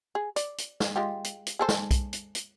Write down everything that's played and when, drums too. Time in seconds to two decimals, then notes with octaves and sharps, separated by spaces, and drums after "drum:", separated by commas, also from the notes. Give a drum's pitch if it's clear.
0.15 G#4
0.36 D5, drum: hi-hat
0.58 drum: hi-hat
0.80 drum: snare
0.96 G#3 F4 G4
1.24 drum: hi-hat
1.47 drum: hi-hat
1.59 G#4 A4 C5
1.69 drum: snare
1.91 drum: kick, hi-hat
2.13 drum: hi-hat
2.35 drum: hi-hat